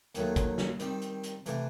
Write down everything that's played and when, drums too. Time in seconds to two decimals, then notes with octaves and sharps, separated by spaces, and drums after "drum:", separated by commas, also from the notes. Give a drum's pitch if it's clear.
0.15 D#2 D#3 F#3 A3, drum: hi-hat
0.36 drum: kick, hi-hat
0.58 drum: snare
0.80 D#3 G3 C4, drum: hi-hat
1.02 drum: hi-hat
1.23 drum: hi-hat
1.46 C3 E3 A3, drum: hi-hat